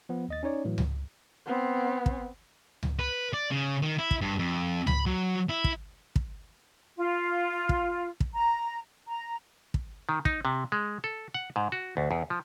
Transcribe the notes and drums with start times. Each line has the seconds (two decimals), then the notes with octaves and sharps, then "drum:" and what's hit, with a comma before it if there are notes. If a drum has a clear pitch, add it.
0.09 F3 B3
0.28 D#2 D#5 A6
0.43 C#4 D#4 C#5 D5
0.65 A2 E3 F#3
0.78 drum: tom C#2
1.46 B3 C4
2.06 drum: kick
2.83 drum: tom C#2
2.99 B4
3.33 D5
3.51 C#3
3.82 D#3
3.98 E4
4.11 drum: kick
4.21 G2
4.39 F2
4.87 B5, drum: tom C#2
5.06 F#3
5.49 E4
5.64 drum: kick
6.16 drum: kick
6.98 F4
7.69 drum: kick
8.20 drum: kick
8.34 A#5
9.08 A#5
9.74 drum: kick
10.09 D#3
10.25 D#4, drum: kick
10.45 C3
10.72 G#3
11.04 A4
11.34 F#5
11.56 G#2
11.72 F#4
11.97 D2
12.11 E2
12.30 F3